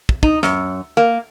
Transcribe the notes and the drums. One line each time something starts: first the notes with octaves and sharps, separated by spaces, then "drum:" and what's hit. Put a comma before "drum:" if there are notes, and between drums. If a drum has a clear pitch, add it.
drum: kick
D#4, drum: kick
F#2, drum: snare
A#3